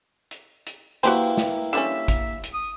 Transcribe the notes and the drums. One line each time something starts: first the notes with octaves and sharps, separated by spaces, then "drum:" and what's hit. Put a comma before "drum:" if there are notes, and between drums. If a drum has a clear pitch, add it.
drum: hi-hat
drum: hi-hat
A#3 E4 F#4 G4 B4 C5 G5, drum: hi-hat
drum: snare
D3 G3 C#4 E5 E7, drum: hi-hat
drum: kick A1, hi-hat
drum: hi-hat
D#6